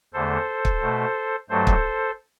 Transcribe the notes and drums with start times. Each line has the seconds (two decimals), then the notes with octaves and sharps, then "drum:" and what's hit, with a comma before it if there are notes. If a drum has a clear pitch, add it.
0.13 E2 D3 A3 A4 C5
0.65 drum: kick
0.81 B2 A3
1.49 G2 F#3 A3 A4 C5
1.67 drum: kick